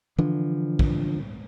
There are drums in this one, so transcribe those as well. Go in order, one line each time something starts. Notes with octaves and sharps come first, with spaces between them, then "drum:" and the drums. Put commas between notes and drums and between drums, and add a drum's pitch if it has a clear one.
D3 E3 F3 D4
drum: kick